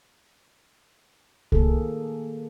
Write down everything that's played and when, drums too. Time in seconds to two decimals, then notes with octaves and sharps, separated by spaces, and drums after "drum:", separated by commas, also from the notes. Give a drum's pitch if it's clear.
1.52 D#3 A#3 G#4 A4, drum: kick C2